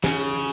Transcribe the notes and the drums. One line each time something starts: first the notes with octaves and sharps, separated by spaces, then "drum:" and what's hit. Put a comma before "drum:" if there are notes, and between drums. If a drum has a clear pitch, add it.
C#3, drum: snare